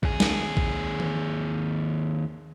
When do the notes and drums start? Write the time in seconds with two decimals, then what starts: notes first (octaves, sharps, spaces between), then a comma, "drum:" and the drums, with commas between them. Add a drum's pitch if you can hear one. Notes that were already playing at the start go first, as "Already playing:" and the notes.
0.03 D#2 G#4, drum: kick A#1
0.20 drum: snare
0.57 drum: kick A#1
1.00 drum: tom D#3